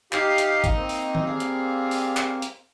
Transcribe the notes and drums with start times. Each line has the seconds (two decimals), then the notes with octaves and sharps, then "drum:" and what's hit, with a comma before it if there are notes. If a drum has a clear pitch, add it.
0.13 D#4 G4 F5, drum: clap
0.38 drum: hi-hat
0.64 drum: kick G#1, hi-hat
0.75 A#3 C4
0.89 drum: open hi-hat
1.15 drum: tom D#3
1.26 G3 G#4 F5
1.40 drum: hi-hat
1.91 drum: open hi-hat
2.17 drum: clap
2.42 drum: hi-hat